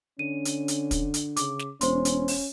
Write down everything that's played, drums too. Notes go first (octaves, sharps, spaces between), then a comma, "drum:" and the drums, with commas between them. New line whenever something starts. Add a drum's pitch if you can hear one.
D3 C#4 D#7
drum: hi-hat
drum: hi-hat
drum: kick, hi-hat
drum: hi-hat
C#3 D6, drum: hi-hat
drum: snare
E1 C#4 C5 C6, drum: hi-hat
drum: hi-hat
drum: open hi-hat